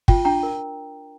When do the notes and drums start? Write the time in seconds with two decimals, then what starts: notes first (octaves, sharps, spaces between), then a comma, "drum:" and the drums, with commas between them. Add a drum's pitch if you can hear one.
0.08 F4 G5, drum: kick
0.25 D4 G5 A#5
0.43 A#4